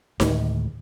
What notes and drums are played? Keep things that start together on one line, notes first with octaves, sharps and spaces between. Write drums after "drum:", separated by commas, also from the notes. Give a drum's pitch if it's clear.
D2 A2 D#3 G#3, drum: snare D#4